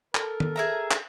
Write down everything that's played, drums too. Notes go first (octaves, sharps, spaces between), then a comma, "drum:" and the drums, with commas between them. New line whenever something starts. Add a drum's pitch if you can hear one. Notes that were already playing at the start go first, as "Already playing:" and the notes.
A4 A#4, drum: clap
drum: tom D#3
G#4 E5 A#5
drum: clap